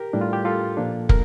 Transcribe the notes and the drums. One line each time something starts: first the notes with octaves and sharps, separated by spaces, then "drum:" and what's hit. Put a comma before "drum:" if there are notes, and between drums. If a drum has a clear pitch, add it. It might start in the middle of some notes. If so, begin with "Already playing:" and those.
Already playing: G4 A#4
A2 G3 D4
F4
G4
F4 A4
A#2 F3 A#3 D4
A#4, drum: kick